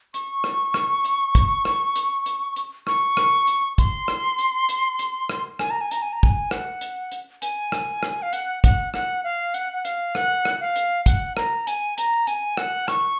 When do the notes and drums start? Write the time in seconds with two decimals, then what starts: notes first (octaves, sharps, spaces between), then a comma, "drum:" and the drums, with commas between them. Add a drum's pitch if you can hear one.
0.14 C#6, drum: hi-hat
0.44 drum: rim click
0.74 drum: rim click
1.05 drum: hi-hat
1.35 drum: kick, hi-hat
1.65 drum: rim click
1.96 drum: hi-hat
2.26 drum: hi-hat
2.56 drum: hi-hat
2.87 C#6, drum: rim click
3.17 drum: rim click
3.47 drum: hi-hat
3.78 C6, drum: kick, hi-hat
4.08 drum: rim click
4.38 drum: hi-hat
4.69 drum: hi-hat
4.99 drum: hi-hat
5.29 drum: rim click
5.59 G#5, drum: rim click
5.70 A#5
5.81 G#5
5.91 A#5, drum: hi-hat
6.02 G#5
6.13 A#5
6.23 G#5, drum: kick
6.51 F#5, drum: rim click
6.81 drum: hi-hat
7.12 drum: hi-hat
7.42 G#5, drum: hi-hat
7.72 drum: rim click
8.03 drum: rim click
8.22 F5
8.33 F#5, drum: hi-hat
8.64 F#5, drum: kick, hi-hat
8.94 F#5, drum: rim click
9.24 F5
9.54 F#5, drum: hi-hat
9.73 F#5
9.85 F5, drum: hi-hat
10.15 F#5, drum: rim click
10.45 drum: rim click
10.61 F5
10.76 drum: hi-hat
11.06 F#5, drum: kick, hi-hat
11.37 A#5, drum: rim click
11.67 G#5, drum: hi-hat
11.98 A#5, drum: hi-hat
12.27 G#5, drum: hi-hat
12.57 F#5, drum: rim click
12.88 C#6, drum: rim click